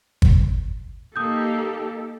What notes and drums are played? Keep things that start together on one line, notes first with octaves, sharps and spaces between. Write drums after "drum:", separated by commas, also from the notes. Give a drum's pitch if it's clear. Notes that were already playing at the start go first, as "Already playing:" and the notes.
drum: kick
A#3 D#4 G4 A4 D#6 G6